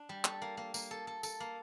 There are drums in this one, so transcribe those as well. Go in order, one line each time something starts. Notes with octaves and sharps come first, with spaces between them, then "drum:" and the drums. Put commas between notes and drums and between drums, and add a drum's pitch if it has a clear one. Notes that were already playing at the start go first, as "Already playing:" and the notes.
Already playing: D4
G3
A4, drum: clap
A#3
A#3
A#3, drum: tambourine
A4
A4
A4, drum: tambourine
A#3